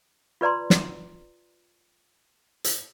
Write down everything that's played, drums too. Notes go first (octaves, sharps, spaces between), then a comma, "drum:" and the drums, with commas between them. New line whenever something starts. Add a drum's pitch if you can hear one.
F4 B4 D5 A#5 C6
drum: snare
drum: hi-hat